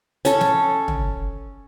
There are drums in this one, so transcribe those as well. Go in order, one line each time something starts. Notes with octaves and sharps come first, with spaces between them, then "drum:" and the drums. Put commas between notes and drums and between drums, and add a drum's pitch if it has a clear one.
C#4 A4, drum: hi-hat
drum: snare
drum: tom